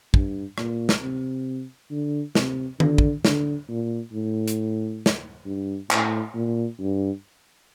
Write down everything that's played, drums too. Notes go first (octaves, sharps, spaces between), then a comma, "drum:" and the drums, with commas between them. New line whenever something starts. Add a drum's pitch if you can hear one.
G2, drum: kick
A#2, drum: rim click
drum: snare
C3
D3
C3, drum: snare
D3, drum: tom D#3
drum: kick
D3, drum: snare
A#2
A2
drum: hi-hat
drum: snare
G2
A2, drum: clap
A#2
G2